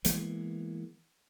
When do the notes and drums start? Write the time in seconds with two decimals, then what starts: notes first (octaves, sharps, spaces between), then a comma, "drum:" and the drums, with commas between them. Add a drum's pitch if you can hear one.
0.05 E3 G#3 A#3 B3, drum: hi-hat